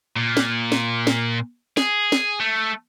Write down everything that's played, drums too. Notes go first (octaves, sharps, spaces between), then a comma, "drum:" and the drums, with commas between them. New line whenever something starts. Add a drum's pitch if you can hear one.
A#2
drum: snare
drum: snare
drum: snare
G#4, drum: snare
drum: snare
A3